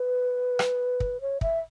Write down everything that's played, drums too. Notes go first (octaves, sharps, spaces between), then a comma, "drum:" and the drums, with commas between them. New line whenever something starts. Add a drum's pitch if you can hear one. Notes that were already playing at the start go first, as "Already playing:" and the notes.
Already playing: B4
drum: rim click
drum: kick
C#5
E5, drum: kick